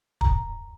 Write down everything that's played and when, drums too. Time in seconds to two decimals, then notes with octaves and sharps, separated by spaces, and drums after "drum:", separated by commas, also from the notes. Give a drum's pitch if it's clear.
0.21 A#5, drum: kick